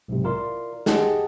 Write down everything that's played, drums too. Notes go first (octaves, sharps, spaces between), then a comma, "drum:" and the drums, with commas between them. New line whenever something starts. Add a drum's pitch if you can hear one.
B1 G#2 C3
E4 F4 A#4 D5 C6
G4 G#4 D#5 F#5 G#5 A5, drum: snare